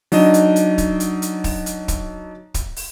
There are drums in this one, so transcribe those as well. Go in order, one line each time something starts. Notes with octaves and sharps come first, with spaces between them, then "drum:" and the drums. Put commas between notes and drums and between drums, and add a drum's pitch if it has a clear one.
F#3 D4 D#4 D#5, drum: open hi-hat
drum: hi-hat
drum: hi-hat
drum: kick, hi-hat
drum: hi-hat
drum: hi-hat
drum: kick, open hi-hat
drum: hi-hat
drum: kick, hi-hat
drum: kick, hi-hat
drum: open hi-hat